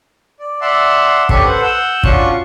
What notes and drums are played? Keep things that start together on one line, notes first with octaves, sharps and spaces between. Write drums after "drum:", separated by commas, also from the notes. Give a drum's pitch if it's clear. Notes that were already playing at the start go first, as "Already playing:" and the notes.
D5
D5 E5 F#5 A5 C6
C#4 D4 G4 A4 B5 C#6, drum: kick
A4 B4 C5 F#5
F#5 E6 G6
C#4 D4 F4 F#4 C#6, drum: kick